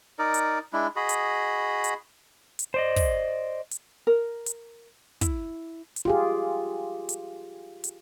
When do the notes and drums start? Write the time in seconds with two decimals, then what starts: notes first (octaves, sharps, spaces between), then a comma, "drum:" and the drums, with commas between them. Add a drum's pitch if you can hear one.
0.19 D#4 A#4 D5
0.34 drum: hi-hat
0.73 G#3 D4 E4
0.96 F#4 G#4 D#5 B5
1.09 drum: hi-hat
1.84 drum: hi-hat
2.59 drum: hi-hat
2.74 C5 D5 D#5
2.96 drum: kick, open hi-hat
3.71 drum: hi-hat
4.07 A#4
4.46 drum: hi-hat
5.21 E4, drum: kick, hi-hat
5.96 drum: hi-hat
6.05 F4 G4 G#4
7.09 drum: hi-hat
7.84 drum: hi-hat